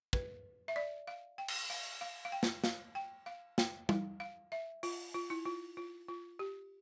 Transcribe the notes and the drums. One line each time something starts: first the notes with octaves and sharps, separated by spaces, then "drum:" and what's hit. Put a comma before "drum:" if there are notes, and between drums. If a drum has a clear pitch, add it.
B4, drum: kick
E5
D5
F5
G5
drum: cymbal
F5, drum: open hi-hat
F5
F5
G5
drum: snare
F5, drum: snare
G5
F5
G5, drum: snare
F5, drum: tom G3
F5
E5
F4, drum: open hi-hat
F4
E4
F4
F4
F4
G4